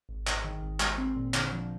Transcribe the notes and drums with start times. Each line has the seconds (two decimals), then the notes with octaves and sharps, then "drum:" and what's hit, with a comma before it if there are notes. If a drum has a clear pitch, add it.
0.09 G#1
0.27 G#2, drum: clap
0.44 D#3
0.62 G#1
0.80 G#3, drum: clap
0.98 C4
1.16 A#2
1.34 D3, drum: clap
1.53 F3